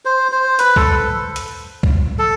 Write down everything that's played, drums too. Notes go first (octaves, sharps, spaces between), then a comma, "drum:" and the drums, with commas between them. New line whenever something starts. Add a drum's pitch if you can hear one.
C5
C5
B4, drum: hi-hat
A4, drum: kick
drum: hi-hat
drum: kick
A4